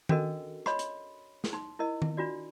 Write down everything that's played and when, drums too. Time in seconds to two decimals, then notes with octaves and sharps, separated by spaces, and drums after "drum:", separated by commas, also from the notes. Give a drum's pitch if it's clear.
0.09 C#4 D4 F#4 A4 A#4 D#5, drum: tom D#3
0.66 C#5 D#5 B5 C6, drum: rim click
0.79 drum: hi-hat
1.44 drum: snare
1.53 D#4 C6
1.79 E4 A#4 D#5
2.02 drum: tom D#3
2.17 D4 F4 F#4 D5